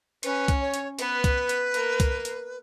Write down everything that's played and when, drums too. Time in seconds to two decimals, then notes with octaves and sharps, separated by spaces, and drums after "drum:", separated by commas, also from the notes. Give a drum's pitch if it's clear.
0.23 C#4 B4, drum: hi-hat
0.48 drum: kick C2, hi-hat
0.61 C#5
0.74 drum: hi-hat
0.99 B3 B4, drum: hi-hat
1.24 drum: kick C2, hi-hat
1.49 drum: hi-hat
1.74 A#3, drum: hi-hat
2.00 drum: kick C2, hi-hat
2.25 drum: hi-hat